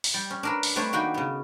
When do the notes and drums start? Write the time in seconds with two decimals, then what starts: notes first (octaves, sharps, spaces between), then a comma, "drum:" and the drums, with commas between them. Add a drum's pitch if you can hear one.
0.04 drum: open hi-hat
0.14 G3
0.30 C#4
0.43 D4 A#4 B4
0.63 drum: open hi-hat
0.76 G3 A3 C4 D4 B4 C#5
0.93 D#3 A#3 F#4 B4 G5
1.14 C#3 B3